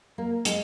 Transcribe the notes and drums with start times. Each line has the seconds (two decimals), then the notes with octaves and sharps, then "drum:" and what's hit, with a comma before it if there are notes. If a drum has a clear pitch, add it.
0.18 A#3
0.45 G#3, drum: hi-hat